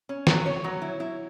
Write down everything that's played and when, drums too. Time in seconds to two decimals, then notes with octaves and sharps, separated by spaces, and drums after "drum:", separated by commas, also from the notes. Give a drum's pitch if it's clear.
0.09 C#4
0.27 F#3, drum: snare
0.46 C#5
0.64 F#3
0.82 E4
1.00 E4